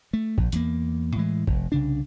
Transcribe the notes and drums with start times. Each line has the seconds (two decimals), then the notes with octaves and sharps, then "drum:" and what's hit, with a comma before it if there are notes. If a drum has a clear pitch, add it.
0.13 A3
0.38 A#1, drum: kick A1
0.52 E2 A#3, drum: hi-hat
1.16 A2 E3 G#3
1.47 F1, drum: kick A1
1.72 C2 C#3 D4